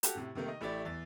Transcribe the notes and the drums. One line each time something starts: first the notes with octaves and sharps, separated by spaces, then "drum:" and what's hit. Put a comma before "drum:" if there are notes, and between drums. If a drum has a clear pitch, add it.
F#4 G4 A4, drum: hi-hat
A2 C3
C3 D#3 A3 A#3
D#5
A1 A3 E4 G4 D5 A6
E2 A6